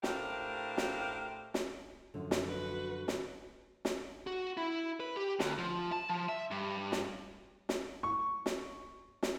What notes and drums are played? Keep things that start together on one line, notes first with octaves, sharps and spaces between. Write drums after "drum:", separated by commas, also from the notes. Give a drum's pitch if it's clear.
A2 D4 G4 A#4 C5 F5, drum: snare
drum: snare
drum: snare
F#2 D3 F3
drum: snare
F#4 B4
drum: snare
drum: snare
F#4
E4
B4
G4
D2, drum: snare
F3
A5
F3
E5
G2
drum: snare
drum: snare
C#6
drum: snare
drum: snare